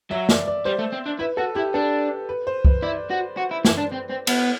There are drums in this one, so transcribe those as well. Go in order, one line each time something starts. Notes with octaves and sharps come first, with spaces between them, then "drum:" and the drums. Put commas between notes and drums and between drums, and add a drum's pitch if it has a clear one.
F#3 E5
D5, drum: snare
D5
G3 C5
A3
C4
D4
E4 B4
F#4 A4
E4 G4
D4 A4
B4
C5
B4, drum: kick
E4 D5
F#4
F#4
E4
E4, drum: snare
D4
C4
C4
B3, drum: cymbal